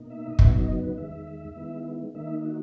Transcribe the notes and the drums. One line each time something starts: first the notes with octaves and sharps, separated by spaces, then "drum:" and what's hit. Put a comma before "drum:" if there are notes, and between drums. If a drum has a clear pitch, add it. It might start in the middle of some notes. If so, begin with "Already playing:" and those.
Already playing: B2 A#3 D#4
E5
D#5
F#2 C#3 F#3 B3 D#4 E5, drum: kick
D#5
B4
E2 D#3 G#3 E5
D#3 G#3 B3 E4
D#3 A#3 D#4 E5
F#4